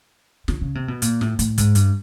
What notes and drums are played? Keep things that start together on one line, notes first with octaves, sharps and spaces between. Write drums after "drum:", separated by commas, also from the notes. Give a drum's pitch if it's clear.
D3, drum: snare
C#3
C3
B2
A#2, drum: hi-hat
A2, drum: snare
A2, drum: hi-hat
G#2, drum: kick, hi-hat
G2, drum: hi-hat